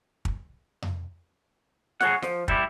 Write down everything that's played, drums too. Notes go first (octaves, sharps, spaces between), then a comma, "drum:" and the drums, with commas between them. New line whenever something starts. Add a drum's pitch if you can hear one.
drum: kick
drum: tom F2
G#4 C#5 F#5, drum: snare
F3, drum: snare
G3 E4 G4, drum: kick